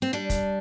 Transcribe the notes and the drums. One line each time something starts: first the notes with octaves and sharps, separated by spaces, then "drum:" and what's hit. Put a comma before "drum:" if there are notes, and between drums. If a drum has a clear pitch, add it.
C4
G3 D4
drum: kick, hi-hat